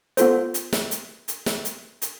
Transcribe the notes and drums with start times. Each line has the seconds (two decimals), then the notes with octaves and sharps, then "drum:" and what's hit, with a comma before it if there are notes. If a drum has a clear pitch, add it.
0.17 B3 F4 A4 C5, drum: hi-hat
0.54 drum: hi-hat
0.73 drum: snare
0.91 drum: hi-hat
1.28 drum: hi-hat
1.46 drum: snare
1.65 drum: hi-hat
2.02 drum: hi-hat